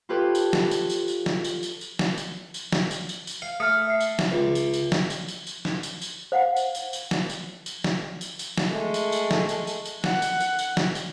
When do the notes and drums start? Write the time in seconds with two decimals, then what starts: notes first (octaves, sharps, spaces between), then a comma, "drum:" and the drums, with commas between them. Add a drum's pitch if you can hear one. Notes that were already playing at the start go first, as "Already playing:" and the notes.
0.09 F4 G4 A4 B4 C#5
0.35 drum: tambourine
0.53 drum: snare
0.71 drum: tambourine
0.90 drum: tambourine
1.08 drum: tambourine
1.26 drum: snare
1.44 drum: tambourine
1.63 drum: tambourine
1.81 drum: tambourine
1.99 drum: snare
2.18 drum: tambourine
2.54 drum: tambourine
2.72 drum: snare
2.91 drum: tambourine
3.09 drum: tambourine
3.27 drum: tambourine
3.42 F5
3.60 A3 D#6 F6
3.87 E5 C7
4.00 drum: tambourine
4.19 drum: snare
4.32 C#2
4.55 drum: tambourine
4.74 drum: tambourine
4.92 drum: snare
5.10 drum: tambourine
5.28 drum: tambourine
5.47 drum: tambourine
5.65 drum: snare
5.83 drum: tambourine
6.02 drum: tambourine
6.32 C5 F5 F#5
6.56 drum: tambourine
6.75 drum: tambourine
6.93 drum: tambourine
7.11 drum: snare
7.30 drum: tambourine
7.66 drum: tambourine
7.84 drum: snare
8.21 drum: tambourine
8.39 drum: tambourine
8.58 drum: snare
8.69 G#3 A3
8.94 drum: tambourine
9.12 drum: tambourine
9.31 drum: snare
9.49 drum: tambourine
9.67 drum: tambourine
9.85 drum: tambourine
10.04 F#5, drum: snare
10.22 drum: tambourine
10.40 drum: tambourine
10.59 drum: tambourine
10.77 drum: snare
10.95 drum: tambourine